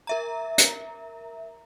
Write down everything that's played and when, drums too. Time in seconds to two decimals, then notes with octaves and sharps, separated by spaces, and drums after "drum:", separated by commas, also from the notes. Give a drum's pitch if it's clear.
0.07 A#4 E5 A#5
0.58 drum: hi-hat